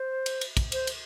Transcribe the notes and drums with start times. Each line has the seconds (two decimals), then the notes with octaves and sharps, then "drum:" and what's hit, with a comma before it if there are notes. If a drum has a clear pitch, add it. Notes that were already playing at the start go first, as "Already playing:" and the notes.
Already playing: C5
0.26 drum: cymbal
0.41 drum: cymbal
0.57 drum: kick, cymbal
0.72 C5, drum: cymbal
0.87 drum: cymbal